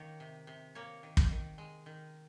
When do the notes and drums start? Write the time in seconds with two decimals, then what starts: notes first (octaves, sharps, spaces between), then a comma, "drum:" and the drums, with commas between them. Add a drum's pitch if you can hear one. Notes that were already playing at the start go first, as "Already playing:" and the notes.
Already playing: D#3 A#3 C#5
0.20 C3
0.47 C3
0.75 A#3 C#5
1.03 D#3
1.17 drum: kick
1.31 D#3
1.58 G#3
1.86 D#3